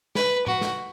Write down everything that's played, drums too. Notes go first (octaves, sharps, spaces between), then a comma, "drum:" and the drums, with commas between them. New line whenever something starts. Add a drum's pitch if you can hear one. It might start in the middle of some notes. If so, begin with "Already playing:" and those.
B4, drum: snare
F#4, drum: tom A2
drum: snare